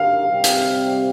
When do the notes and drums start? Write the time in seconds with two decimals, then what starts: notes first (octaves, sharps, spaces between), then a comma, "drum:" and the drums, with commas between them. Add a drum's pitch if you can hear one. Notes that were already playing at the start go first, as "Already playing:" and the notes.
Already playing: D3 G4 A#4 F5
0.28 C3 G3 C4 G4
0.44 drum: hi-hat